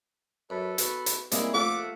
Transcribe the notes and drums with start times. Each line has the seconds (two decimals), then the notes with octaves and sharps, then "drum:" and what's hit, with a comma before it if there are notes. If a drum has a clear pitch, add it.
0.50 F#2 A4 B4
0.78 B3 F#4, drum: hi-hat
1.06 drum: hi-hat
1.32 E3 G3 G#3 A#3 C4 E4 G#4 D6, drum: hi-hat
1.54 A#1 A3 F4 E5 F#5 D6